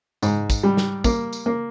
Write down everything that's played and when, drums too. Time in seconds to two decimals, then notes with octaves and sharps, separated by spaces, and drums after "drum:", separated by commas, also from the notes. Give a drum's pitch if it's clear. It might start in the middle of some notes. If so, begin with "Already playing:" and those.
0.22 G#2, drum: tambourine
0.50 drum: kick, tambourine
0.63 G3
0.77 drum: snare
1.04 A#3, drum: kick, tambourine
1.33 drum: tambourine
1.46 A#3